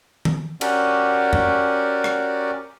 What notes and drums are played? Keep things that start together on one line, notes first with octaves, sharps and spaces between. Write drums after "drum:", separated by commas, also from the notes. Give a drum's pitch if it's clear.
drum: tom
C#4 F#4 G4 A#4 D5 F#5, drum: cymbal
drum: tom F2
drum: rim click